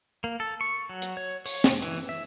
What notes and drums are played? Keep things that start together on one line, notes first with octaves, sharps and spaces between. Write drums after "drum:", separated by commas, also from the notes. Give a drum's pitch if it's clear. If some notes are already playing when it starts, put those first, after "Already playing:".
A#3
A4
C#6
F#3
drum: hi-hat
C#5
C#5, drum: open hi-hat
drum: snare
E3, drum: hi-hat
E5